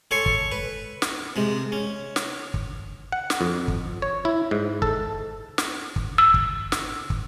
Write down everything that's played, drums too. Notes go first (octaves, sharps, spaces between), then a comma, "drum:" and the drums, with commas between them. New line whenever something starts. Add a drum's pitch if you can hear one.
A4 C#5 G#5 C6 C#6
drum: kick
B4
drum: snare
C3 G#3
C#4
drum: snare
drum: kick
F#5
drum: snare
F2
drum: kick
C#5
E4
G#2
A4, drum: kick
drum: snare
drum: kick
E6
drum: kick
drum: snare
drum: kick